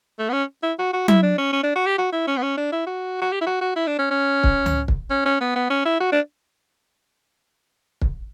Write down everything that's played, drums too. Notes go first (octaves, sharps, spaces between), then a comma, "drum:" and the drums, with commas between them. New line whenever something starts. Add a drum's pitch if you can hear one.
A3
B3
C#4
E4
F#4
F#4
E4, drum: tom F#3
D4
C#4
C#4
D4
F#4
G4
F#4
E4
C#4
B3
C#4
D4
E4
F#4
F#4
G4
E4
F#4
F#4
E4
D4
C#4
C#4
drum: kick
drum: tom C#2
drum: kick
C#4
C#4
B3
B3
C#4
E4
F#4
D4
drum: kick